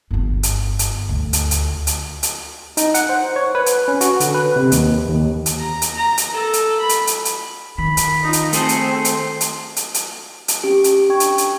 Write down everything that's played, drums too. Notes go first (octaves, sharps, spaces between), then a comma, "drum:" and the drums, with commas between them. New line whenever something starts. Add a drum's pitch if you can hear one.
G1 F4
drum: hi-hat
drum: hi-hat
D2
drum: hi-hat
drum: hi-hat
drum: hi-hat
drum: hi-hat
D#4, drum: hi-hat
F#5, drum: hi-hat
C5
C#5
B4
drum: hi-hat
C#4
F#4, drum: hi-hat
D3, drum: hi-hat
B4
C3
D#2, drum: hi-hat
D#2
drum: hi-hat
A#5
drum: hi-hat
A#5
drum: hi-hat
A4
drum: hi-hat
B5
drum: hi-hat
drum: hi-hat
drum: hi-hat
D#3 B5
drum: hi-hat
D#4 F4 D#5
drum: hi-hat
A3 C4 G#4 A4 C6, drum: hi-hat
drum: hi-hat
drum: hi-hat
drum: hi-hat
drum: hi-hat
drum: hi-hat
drum: hi-hat
C#4 G4 D7
drum: hi-hat
D4 G5 C#6 G#6
drum: hi-hat
drum: hi-hat